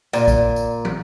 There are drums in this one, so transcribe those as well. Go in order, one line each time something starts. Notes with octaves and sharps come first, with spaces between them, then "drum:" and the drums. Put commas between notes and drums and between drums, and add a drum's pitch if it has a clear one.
A#2, drum: tambourine
drum: kick A1, tambourine
drum: tambourine
drum: tom